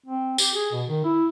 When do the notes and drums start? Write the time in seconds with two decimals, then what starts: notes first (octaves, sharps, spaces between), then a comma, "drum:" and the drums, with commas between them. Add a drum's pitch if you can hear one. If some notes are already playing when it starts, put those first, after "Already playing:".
0.06 C4
0.38 G4, drum: tambourine
0.54 G#4
0.72 B2
0.88 D#3
1.04 E4